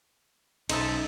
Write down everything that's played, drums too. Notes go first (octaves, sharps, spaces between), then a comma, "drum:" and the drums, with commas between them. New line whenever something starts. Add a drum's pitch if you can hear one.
B1 C#4 D#4 A4 C5 D#5 E5, drum: cymbal